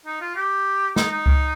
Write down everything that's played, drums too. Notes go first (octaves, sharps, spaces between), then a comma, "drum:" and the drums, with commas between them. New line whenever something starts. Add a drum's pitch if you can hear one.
D#4
F4
G4
D#4, drum: snare
D#4
drum: kick C#2